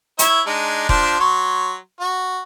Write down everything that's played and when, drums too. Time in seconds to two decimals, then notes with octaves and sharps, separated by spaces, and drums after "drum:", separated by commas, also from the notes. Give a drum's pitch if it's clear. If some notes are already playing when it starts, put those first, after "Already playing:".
0.19 E4 C#5 E5, drum: hi-hat
0.46 G#3 D4 D#4
0.89 F3 D4 C5, drum: kick E1
1.20 F#3 C#5 C6
2.00 F#4